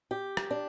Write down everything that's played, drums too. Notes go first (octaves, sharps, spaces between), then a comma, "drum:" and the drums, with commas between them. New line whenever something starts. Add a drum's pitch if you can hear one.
G4
drum: rim click
D4